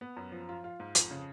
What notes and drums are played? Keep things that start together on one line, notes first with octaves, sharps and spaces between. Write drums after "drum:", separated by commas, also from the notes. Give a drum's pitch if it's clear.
B3
F#2
F3
F4
F4
G#2
F2, drum: hi-hat
C#3